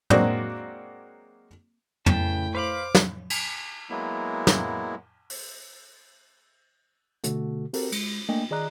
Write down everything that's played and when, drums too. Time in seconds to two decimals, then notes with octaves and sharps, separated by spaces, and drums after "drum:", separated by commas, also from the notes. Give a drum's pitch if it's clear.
0.10 F#3 G#3 A#3 C4 D4 F#4, drum: tom
2.06 A2 C#3 B4 G5 A5, drum: tom
2.55 B4 C5 F5 B5 D6 F6
2.95 drum: snare
3.30 drum: cymbal
3.90 F#3 G#3 A#3 B3 E4
4.47 drum: snare
5.30 drum: open hi-hat
7.24 B2 D3 A3 F#4 A4, drum: hi-hat
7.73 C4 F#4 G4 A4 A#4, drum: open hi-hat
7.92 G#3, drum: cymbal
8.29 A3 A#3 D4 D#5 G5 G#5
8.51 D#3 G#4 D5 D#5 A#5 F#6